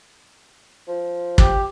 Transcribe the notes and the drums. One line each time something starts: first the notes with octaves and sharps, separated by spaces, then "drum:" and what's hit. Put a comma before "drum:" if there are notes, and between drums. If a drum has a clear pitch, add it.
F3
G4, drum: kick